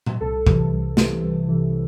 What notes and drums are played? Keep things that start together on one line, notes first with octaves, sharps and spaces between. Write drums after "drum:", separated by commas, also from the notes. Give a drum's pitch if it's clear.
drum: tom A#2
C2 A4
C3 E3, drum: kick
C2
C3 E3, drum: snare
C2
C3 E3